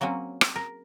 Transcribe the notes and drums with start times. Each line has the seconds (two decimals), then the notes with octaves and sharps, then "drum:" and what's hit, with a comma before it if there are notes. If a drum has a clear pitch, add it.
0.01 F#3 A#3 C4 C#4
0.41 drum: rim click
0.56 A#4